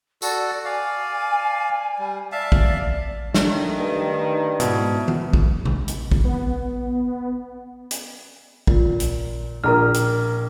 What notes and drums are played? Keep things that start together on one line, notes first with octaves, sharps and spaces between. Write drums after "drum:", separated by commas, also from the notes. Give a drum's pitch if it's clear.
F#4 A4 D5, drum: tambourine
D5 F5 G#5
G3
D5 E5 F5 A5
drum: kick
D#3 A3 D4, drum: snare
G2
G#2 B2 B3 E4, drum: hi-hat
drum: tom D#3
drum: kick
drum: tom B2
drum: hi-hat
drum: kick
B3
drum: hi-hat
A#2, drum: kick
drum: hi-hat
A#1 A#4 A#5 F6
drum: hi-hat